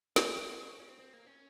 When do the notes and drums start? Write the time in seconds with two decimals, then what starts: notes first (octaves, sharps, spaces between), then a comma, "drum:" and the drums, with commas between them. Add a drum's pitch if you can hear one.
0.16 F4, drum: snare
0.36 F#4
0.57 G#4
0.68 F#4
0.78 C#4
0.89 C4
1.00 C4
1.13 A#3
1.26 C#4